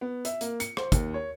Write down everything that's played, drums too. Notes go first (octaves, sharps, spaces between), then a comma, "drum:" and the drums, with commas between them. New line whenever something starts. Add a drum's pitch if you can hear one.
B3
E5, drum: hi-hat
A#3, drum: hi-hat
C#7, drum: hi-hat
C5, drum: rim click
D#2, drum: kick, hi-hat
C#5